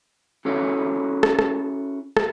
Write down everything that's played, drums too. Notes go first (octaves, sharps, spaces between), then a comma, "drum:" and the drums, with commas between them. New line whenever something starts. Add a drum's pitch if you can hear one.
C#4 E4 F#4 G#4 A4 C#5
drum: rim click
drum: rim click
drum: rim click